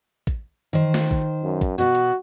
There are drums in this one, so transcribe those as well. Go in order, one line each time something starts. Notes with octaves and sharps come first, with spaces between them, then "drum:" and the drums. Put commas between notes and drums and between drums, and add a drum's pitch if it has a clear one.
drum: kick A1, hi-hat
D#3 C5
drum: snare
drum: kick A1
F#2
drum: kick A1, hi-hat
B2 B3 F#4
drum: hi-hat